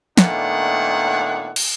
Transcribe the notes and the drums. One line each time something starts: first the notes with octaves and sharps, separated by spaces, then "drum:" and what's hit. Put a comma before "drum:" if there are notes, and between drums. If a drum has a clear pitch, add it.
A#2 D#3 A3 B3 D4 F#5, drum: snare
drum: cymbal